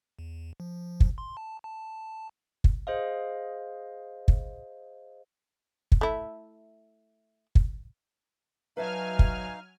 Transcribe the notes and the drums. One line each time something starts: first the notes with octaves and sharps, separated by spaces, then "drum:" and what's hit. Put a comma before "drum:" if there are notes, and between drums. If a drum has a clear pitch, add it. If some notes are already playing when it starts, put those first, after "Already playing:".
E2
F3
drum: kick
C6
A5
A5
drum: kick
G#4 C5 D#5 F5
drum: kick
drum: kick
A3 E4
drum: kick
F#3 D#4 B4 E5 F5 G#5 A5 F6
drum: kick